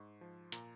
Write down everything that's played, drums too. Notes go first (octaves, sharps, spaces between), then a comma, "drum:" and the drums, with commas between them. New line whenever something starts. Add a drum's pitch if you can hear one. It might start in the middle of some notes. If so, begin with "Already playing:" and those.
Already playing: G#2 C#6
F3
A#2 A#5, drum: hi-hat